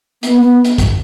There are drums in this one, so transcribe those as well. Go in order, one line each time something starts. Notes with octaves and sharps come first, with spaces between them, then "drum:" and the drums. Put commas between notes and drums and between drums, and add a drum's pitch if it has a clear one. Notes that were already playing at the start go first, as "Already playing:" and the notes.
B3, drum: hi-hat
B3
drum: hi-hat
drum: kick, hi-hat